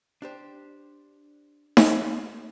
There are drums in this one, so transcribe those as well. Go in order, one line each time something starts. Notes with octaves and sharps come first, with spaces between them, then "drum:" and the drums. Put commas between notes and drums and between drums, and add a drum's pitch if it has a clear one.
D4 G4 C5
drum: snare D#4